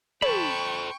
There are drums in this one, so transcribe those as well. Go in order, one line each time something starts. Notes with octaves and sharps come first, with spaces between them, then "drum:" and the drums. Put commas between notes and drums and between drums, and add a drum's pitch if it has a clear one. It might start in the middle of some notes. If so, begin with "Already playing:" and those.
A4 C5 G5 A5 B5 C#6, drum: tom